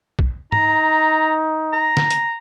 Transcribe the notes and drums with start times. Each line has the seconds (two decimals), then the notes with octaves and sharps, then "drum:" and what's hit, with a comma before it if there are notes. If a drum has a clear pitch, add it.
0.19 drum: kick B1
0.52 D#4 A#5, drum: tom G#2
1.73 A#5
1.97 drum: snare
2.10 drum: hi-hat